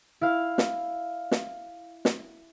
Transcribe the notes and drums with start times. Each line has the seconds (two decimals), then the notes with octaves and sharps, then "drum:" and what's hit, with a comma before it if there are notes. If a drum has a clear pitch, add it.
0.21 E4 F5
0.58 drum: snare
1.31 drum: snare
2.05 drum: snare